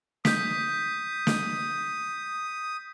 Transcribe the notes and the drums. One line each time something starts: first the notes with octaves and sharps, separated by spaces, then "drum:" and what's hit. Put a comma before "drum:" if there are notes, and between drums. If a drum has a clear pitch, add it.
D#6 G6 B6, drum: snare
drum: snare